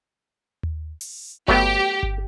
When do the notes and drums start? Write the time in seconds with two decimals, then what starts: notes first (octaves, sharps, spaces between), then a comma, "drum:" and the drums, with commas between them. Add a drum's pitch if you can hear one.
0.63 drum: tom D#2
1.01 drum: open hi-hat
1.48 F#3 A3 B3 G4, drum: kick G1
2.03 drum: kick G1